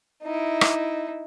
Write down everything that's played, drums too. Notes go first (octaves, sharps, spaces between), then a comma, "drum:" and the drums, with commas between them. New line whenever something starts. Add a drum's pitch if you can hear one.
D#4 E4
drum: rim click